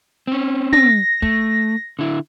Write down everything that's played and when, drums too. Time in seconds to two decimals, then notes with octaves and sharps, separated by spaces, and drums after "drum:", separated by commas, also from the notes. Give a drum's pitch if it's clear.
0.27 C4 C#4
0.73 A#6, drum: tom
1.22 A3, drum: kick
1.99 D3 E4